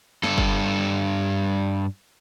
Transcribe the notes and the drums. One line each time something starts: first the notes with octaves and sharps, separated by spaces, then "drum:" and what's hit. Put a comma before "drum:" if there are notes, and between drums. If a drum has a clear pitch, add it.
G2 A4, drum: snare
drum: kick F#1